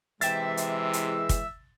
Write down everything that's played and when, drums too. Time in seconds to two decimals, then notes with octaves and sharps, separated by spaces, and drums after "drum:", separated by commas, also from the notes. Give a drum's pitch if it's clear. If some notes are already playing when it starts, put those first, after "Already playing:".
0.21 C3 E3 G#3 E5 G5 A6, drum: hi-hat
0.57 drum: hi-hat
0.93 drum: hi-hat
1.29 drum: kick, hi-hat